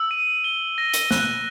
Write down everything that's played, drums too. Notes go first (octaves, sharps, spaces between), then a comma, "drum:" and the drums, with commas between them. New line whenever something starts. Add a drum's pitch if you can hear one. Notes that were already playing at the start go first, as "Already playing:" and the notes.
Already playing: E6
D#7
G7
A#6
drum: hi-hat
F#6, drum: snare